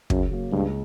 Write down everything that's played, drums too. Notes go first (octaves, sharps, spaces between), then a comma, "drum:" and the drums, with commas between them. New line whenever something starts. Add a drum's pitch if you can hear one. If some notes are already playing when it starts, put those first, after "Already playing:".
F#2 C#3, drum: kick
F#3 A#3
C#2 G2